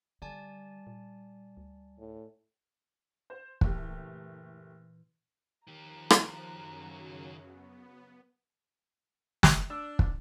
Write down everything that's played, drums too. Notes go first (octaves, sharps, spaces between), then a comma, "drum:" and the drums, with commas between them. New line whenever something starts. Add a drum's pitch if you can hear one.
D3 G3 D5 G#5 A5
A#2
D2
A2
C5
F#1 A#2 E3 A3 G4, drum: kick
D#3 F3 G4 A#5 F#6
drum: rim click
F#2 C#3 F#3
B3
drum: snare
D4 E6
drum: kick